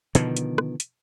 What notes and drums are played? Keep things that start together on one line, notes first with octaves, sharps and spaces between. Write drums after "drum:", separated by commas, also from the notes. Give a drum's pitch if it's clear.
B2 D3 D#3 F3, drum: hi-hat
drum: hi-hat
drum: rim click
drum: hi-hat